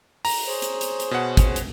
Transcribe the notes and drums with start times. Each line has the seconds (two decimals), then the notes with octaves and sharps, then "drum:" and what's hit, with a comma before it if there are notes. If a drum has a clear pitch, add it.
0.25 A#5, drum: open hi-hat
0.47 G#4 C5 C#5
0.62 drum: hi-hat
0.81 drum: hi-hat
1.00 drum: hi-hat
1.11 B2 F#5
1.37 drum: kick, hi-hat
1.56 drum: hi-hat